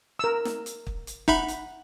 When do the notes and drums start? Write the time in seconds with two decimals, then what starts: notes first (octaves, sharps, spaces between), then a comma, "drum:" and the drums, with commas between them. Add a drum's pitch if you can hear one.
0.19 A#4 E6
0.45 drum: snare
0.66 drum: hi-hat
0.87 drum: kick
1.07 drum: hi-hat
1.28 D#4 E5 F#5 B5, drum: kick
1.48 drum: hi-hat